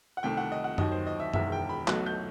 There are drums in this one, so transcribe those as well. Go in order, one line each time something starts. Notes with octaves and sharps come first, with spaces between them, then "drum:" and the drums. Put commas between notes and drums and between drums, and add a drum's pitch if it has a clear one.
F#5
C2 C3 D#3 A3 G5
F#5
D#5
F#5
D#2 D#3 F#3 D#5, drum: tom F#2
C5
D#5
E5
E1 E2 D#3 E5, drum: tom F#2
G5
B5
B1 B2 F#3 A3 F#6, drum: clap
G6